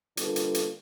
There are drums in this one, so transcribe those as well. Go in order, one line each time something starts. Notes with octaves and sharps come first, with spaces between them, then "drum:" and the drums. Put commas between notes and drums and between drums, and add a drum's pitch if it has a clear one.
D3 G3 A#3 F4 A4 B4, drum: hi-hat
drum: hi-hat
drum: hi-hat